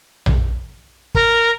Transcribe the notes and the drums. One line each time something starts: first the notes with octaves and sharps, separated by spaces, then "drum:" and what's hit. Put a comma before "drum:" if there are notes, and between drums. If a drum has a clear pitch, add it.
drum: tom A#1
A#4, drum: kick